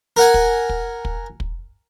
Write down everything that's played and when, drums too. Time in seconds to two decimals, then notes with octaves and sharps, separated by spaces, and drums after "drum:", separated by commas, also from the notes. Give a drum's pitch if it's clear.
0.17 A#4 F#5 G#5
0.34 drum: kick
0.69 drum: kick
1.05 drum: kick
1.40 drum: kick